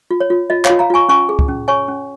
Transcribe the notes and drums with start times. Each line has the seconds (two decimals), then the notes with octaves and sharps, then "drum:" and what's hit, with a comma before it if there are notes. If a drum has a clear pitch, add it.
0.11 F4
0.20 C#5
0.30 F4
0.50 F4 D#5
0.65 C#5 F5, drum: clap
0.70 F4
0.79 F5 A#5
0.90 F4 G#5 C#6
1.09 C#4 G#5 C#6
1.29 G#4
1.39 drum: kick
1.48 C#4
1.68 C#5 G#5 C#6
1.88 C#4